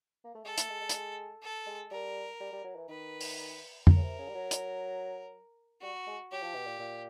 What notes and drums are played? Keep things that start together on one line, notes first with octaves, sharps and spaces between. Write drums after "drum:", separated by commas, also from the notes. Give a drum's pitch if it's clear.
A#3
A3
G#3 A4
A3, drum: hi-hat
G#3
G#3
A3, drum: hi-hat
G#3
A4
G#3
G3 A#4
G3
G3
F#3
E3
D#3 B4
drum: open hi-hat
A#4, drum: tom F2
C#3
C3
C#3
G3
F#3
drum: hi-hat
G3 F#4
G#3
F#3 G4
F3
B2
A#2
A#2